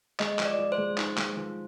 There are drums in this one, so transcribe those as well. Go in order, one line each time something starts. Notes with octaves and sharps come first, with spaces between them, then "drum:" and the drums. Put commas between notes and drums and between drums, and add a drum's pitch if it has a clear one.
G#3 D#5, drum: clap
F3, drum: clap
D5
F3
C5
G#3
D#4, drum: clap
G#3, drum: clap
F3